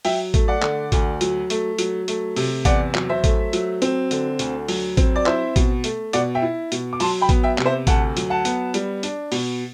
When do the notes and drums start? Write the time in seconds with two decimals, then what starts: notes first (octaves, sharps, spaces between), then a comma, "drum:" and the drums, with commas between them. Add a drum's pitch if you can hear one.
0.05 F#3 E5 G5, drum: open hi-hat
0.34 A3, drum: kick A1, hi-hat
0.48 D5 F#5
0.62 D3, drum: clap
0.92 D2, drum: kick A1, hi-hat
1.21 F#3, drum: hi-hat
1.50 A3, drum: hi-hat
1.79 F#3, drum: hi-hat
2.08 A3, drum: hi-hat
2.36 C3, drum: open hi-hat
2.65 E2 D5 F#5, drum: kick A1, hi-hat
2.95 F#3, drum: clap
3.09 C5 E5
3.24 A3, drum: kick A1, hi-hat
3.53 F#3, drum: hi-hat
3.82 C4, drum: hi-hat
4.11 D3, drum: hi-hat
4.39 D2, drum: hi-hat
4.68 F#3, drum: open hi-hat
4.97 C4, drum: kick A1, hi-hat
5.16 D5
5.26 E4 C5 E5, drum: clap
5.56 B2, drum: kick A1, hi-hat
5.84 A3, drum: hi-hat
6.13 B2 D5 F#5, drum: hi-hat
6.35 E5 G5
6.42 E4
6.72 B2, drum: hi-hat
6.93 D6
7.00 F#3 A5 C6, drum: open hi-hat
7.21 G5 B5
7.29 B3, drum: kick A1, hi-hat
7.43 E5 G5
7.58 C3, drum: clap
7.66 C5 E5
7.87 D2 F#5 A5, drum: kick A1, hi-hat
8.17 F#3, drum: hi-hat
8.30 F#5 A5
8.45 B3, drum: hi-hat
8.74 G3, drum: hi-hat
9.03 D4, drum: hi-hat
9.32 B2, drum: open hi-hat